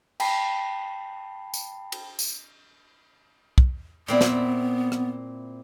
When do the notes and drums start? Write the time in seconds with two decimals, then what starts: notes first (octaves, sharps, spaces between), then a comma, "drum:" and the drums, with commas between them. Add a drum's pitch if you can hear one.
0.20 G5 A5 B5 C7, drum: cymbal
1.54 drum: tambourine
1.92 drum: cymbal
2.19 drum: tambourine
3.58 drum: kick
4.08 A#2 B3 C4 E4
4.21 drum: snare
4.92 drum: rim click